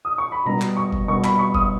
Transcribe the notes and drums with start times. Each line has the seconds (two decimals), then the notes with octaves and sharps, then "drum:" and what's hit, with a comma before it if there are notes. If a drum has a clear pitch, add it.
0.05 D#6
0.18 C#6
0.32 B5
0.45 B2 G3 B3 A#5
0.61 drum: clap
0.77 C#6
0.93 drum: kick F#1
1.08 B2 G3 B3 C#6
1.24 B5, drum: clap
1.39 C#6
1.54 D#6, drum: kick F#1